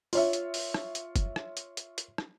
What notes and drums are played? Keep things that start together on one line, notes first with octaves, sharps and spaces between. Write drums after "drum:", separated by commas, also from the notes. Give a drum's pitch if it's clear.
F4 C#5 E5, drum: open hi-hat
drum: hi-hat
drum: open hi-hat
drum: rim click
drum: hi-hat
drum: kick F#1, hi-hat
drum: rim click
drum: hi-hat
drum: hi-hat
drum: hi-hat
drum: rim click